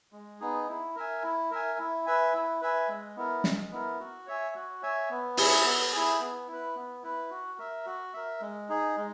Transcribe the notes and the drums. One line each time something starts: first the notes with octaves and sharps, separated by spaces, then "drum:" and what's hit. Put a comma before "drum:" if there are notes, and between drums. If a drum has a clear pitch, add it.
G#3
B3 D#4 G#4
E4
A#4 E5 G#5
E4
A#4 E5 G#5
E4
B4 E5 G#5
E4
B4 E5 G#5
G#3
B3 E4 A#4
G#3, drum: snare
B3 E4 A#4
F#4
C#5 E5 G#5
F#4
C#5 E5 G#5
B3
E4 G#4, drum: open hi-hat
B3
E4 G#4
B3
E4
B4
B3
E4 B4
F#4
A#4 E5
F#4
A#4 E5
G#3
D#4 G#4
G#3